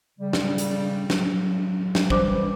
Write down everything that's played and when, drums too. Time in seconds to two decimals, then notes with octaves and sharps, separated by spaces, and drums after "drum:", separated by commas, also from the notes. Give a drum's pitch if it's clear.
0.19 C#3 G3
0.33 drum: snare
0.58 drum: hi-hat
1.10 F#3, drum: snare
1.95 drum: snare
2.10 E3 G3 C5 D6, drum: kick